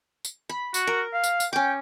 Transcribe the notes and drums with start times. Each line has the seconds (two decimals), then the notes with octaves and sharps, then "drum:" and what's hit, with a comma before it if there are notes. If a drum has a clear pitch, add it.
0.25 drum: tambourine
0.49 B5
0.74 F#4, drum: tambourine
0.87 A#4
1.13 F5
1.24 drum: tambourine
1.40 drum: tambourine
1.53 C#4 G5 D6